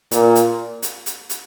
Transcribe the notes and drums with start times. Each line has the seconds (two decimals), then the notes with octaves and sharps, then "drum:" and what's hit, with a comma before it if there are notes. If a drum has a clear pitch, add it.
0.11 A#2, drum: hi-hat
0.35 drum: hi-hat
0.82 drum: hi-hat
1.06 drum: hi-hat
1.30 drum: hi-hat